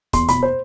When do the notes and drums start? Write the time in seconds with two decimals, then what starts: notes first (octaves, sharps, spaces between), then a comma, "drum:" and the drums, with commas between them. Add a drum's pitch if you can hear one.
0.13 E2 C6, drum: kick, hi-hat
0.28 B2 B5, drum: hi-hat
0.43 C5